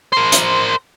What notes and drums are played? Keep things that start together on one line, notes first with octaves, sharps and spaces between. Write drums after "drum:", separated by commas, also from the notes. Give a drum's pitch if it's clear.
A#4 C5
drum: hi-hat